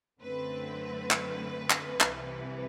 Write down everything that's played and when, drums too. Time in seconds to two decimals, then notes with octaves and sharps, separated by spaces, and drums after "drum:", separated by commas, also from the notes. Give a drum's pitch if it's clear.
0.21 F#2 D3 A3 C4 B4
1.11 drum: clap
1.70 drum: clap
2.01 C2 C3 E3, drum: clap